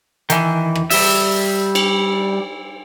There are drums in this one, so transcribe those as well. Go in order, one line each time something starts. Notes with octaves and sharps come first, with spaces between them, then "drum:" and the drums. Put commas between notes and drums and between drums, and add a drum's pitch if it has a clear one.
D#3 E3, drum: hi-hat
drum: rim click
G3 E5, drum: open hi-hat
drum: cymbal